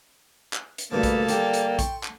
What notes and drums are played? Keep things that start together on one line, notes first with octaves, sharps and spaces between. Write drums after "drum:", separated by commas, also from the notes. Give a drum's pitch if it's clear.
drum: clap
drum: hi-hat
D2 G2 C3 A#3 A4 B4 A5
drum: kick A#1, hi-hat
D3 G3 G5, drum: hi-hat
drum: hi-hat
C6 C#6, drum: kick A#1, hi-hat
drum: clap